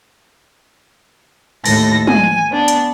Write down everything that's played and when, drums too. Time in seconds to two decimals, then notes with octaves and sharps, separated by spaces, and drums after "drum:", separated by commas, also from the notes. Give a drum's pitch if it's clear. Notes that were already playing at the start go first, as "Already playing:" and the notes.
1.66 D#2 A2 A4 A#6, drum: open hi-hat
2.07 G#5, drum: tom
2.51 B3 D4
2.68 drum: hi-hat